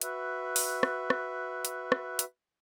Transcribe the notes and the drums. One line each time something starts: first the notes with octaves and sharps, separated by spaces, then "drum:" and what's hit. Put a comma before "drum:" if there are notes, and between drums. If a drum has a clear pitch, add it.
F#4 B4 E5, drum: hi-hat
drum: open hi-hat
drum: rim click
drum: rim click
drum: hi-hat
drum: rim click
drum: hi-hat